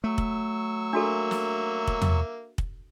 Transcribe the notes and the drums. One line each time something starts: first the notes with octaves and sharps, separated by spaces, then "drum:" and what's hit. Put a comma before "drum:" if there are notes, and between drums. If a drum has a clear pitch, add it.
F#3 A3 C#6 E6
drum: kick
A#3 D4 F#4 A4 E5
drum: snare
drum: kick
drum: tom
drum: kick